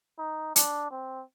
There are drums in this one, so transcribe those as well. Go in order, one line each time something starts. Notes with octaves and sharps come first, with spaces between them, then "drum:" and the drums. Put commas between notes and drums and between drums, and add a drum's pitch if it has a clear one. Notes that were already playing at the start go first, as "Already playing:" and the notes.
D#4
D4, drum: hi-hat
C4